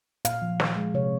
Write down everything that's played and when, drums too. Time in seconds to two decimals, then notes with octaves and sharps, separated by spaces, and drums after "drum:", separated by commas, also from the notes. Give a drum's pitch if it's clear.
0.25 A#2 F5, drum: hi-hat
0.42 F3
0.60 A#2, drum: snare
0.76 G#3
0.94 C3 C#5